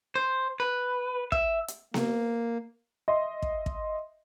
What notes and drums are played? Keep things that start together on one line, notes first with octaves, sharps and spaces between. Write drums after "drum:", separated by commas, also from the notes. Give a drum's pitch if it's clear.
C5
B4
E5, drum: kick
drum: hi-hat
A#3, drum: snare B3
D#5 E5 C6
drum: kick
drum: kick